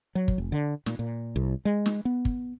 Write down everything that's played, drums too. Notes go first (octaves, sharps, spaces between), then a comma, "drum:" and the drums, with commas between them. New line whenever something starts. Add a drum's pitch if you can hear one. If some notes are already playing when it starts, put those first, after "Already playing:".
F#3
drum: kick
F1
D3
A#2, drum: snare
A#2
C2
G#3
drum: snare
B3
drum: kick